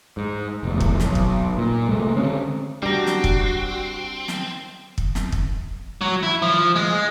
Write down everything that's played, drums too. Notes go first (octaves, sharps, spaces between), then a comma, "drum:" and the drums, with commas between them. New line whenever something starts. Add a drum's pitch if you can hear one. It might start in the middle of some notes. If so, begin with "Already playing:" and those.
G#2
F1 E2
drum: kick
B1, drum: snare
drum: kick
A#2
C2 G#3 A3
D3 C4 C#4
G3 C4 D4 F#4 A#5
drum: snare
drum: kick
drum: snare
drum: kick
drum: snare
drum: kick
F#3
E4
F3
G#3